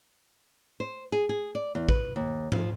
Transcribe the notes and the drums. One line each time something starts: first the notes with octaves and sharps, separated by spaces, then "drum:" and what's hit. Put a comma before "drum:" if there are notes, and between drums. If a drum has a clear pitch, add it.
C5
G#4
G#4
D5
E2
B4, drum: kick A1
D#2
F3, drum: tom G#2